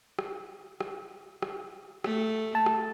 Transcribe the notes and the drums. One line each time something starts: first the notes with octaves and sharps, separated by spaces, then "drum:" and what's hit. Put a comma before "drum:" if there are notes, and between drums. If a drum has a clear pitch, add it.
drum: rim click
drum: rim click
drum: rim click
A3, drum: rim click
A5
drum: rim click